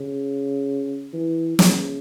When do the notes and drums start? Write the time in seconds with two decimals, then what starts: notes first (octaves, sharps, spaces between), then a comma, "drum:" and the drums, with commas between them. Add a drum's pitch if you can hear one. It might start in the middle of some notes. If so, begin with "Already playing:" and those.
Already playing: C#3
1.14 E3
1.59 C#3, drum: snare